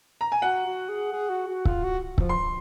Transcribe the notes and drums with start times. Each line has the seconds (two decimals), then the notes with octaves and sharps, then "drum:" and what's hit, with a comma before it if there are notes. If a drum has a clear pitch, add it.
0.21 A#5
0.32 G#5
0.42 F#4 F#5
0.66 F#4
0.89 G#4
1.13 G#4
1.29 F#4
1.48 F#4
1.65 F4, drum: kick C#1
1.83 F#4
2.18 F3, drum: kick C#1
2.29 C6